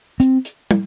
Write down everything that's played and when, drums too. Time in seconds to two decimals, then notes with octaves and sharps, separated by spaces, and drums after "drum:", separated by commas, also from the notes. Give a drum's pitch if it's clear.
0.20 C4, drum: hi-hat
0.45 drum: hi-hat
0.71 drum: tom